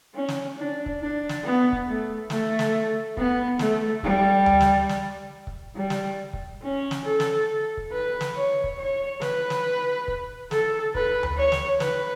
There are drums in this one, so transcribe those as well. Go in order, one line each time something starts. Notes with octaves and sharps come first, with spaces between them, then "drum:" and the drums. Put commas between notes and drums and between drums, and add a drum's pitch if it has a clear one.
C#4
drum: snare
D4
drum: kick C#1
D4
drum: snare
B3
drum: kick C#1
A3
A3, drum: snare
drum: snare
B3, drum: kick C#1
A3, drum: snare
G3, drum: kick C#1
drum: tom D2
drum: snare
drum: snare
drum: kick C#1
G3
drum: snare
drum: kick C#1
C#4
drum: snare
A4
drum: snare
drum: kick C#1
B4
drum: snare
C#5
drum: kick C#1
C#5
B4, drum: snare
drum: snare
drum: kick C#1
A4, drum: snare
B4, drum: kick C#1
drum: tom D2
C#5
drum: snare
B4, drum: snare